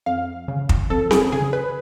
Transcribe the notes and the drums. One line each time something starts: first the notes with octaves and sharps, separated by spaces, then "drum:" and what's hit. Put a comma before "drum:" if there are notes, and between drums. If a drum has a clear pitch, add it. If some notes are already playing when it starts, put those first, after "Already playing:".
F2 F5
C#3
drum: kick
F2 A4
G#4, drum: snare C4
C#3 G#4
B4